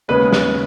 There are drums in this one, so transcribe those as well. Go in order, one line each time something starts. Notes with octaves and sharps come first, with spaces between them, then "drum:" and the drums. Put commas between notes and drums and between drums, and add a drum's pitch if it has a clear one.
D#2 C#3 G#3 B3 B4
drum: snare